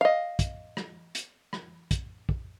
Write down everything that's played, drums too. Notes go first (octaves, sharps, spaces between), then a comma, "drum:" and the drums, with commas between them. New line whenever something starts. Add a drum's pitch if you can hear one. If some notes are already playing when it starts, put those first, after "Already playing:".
D#5 F5
drum: kick, hi-hat
drum: rim click
drum: hi-hat
drum: rim click
drum: kick, hi-hat
drum: kick